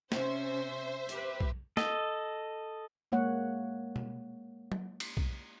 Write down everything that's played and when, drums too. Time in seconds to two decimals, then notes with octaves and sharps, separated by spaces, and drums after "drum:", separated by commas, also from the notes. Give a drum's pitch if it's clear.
0.12 C3 C#4 C5 E5, drum: snare
1.09 G4 B4, drum: hi-hat
1.40 drum: kick B1
1.77 A4 D#5, drum: snare
3.12 G#3 A#3 C#5 F#5
3.96 drum: tom
4.72 drum: tom F#3
5.00 drum: cymbal
5.17 drum: kick B1